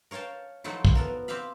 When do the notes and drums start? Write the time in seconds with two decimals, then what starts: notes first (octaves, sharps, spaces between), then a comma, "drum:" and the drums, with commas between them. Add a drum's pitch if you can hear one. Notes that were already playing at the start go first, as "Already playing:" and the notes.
0.11 A#4 C#5 F5 G5 A5
0.64 F3 F#3 A3 D#4 E4
0.85 drum: kick
0.95 B3 A4 A#4
1.28 C4 G4 E5 F5 B5